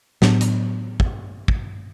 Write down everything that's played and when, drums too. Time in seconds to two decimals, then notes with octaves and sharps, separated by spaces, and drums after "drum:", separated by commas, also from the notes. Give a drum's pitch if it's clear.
0.22 A2 F#3 B3 D4, drum: snare
0.41 drum: hi-hat
1.00 drum: kick
1.48 drum: kick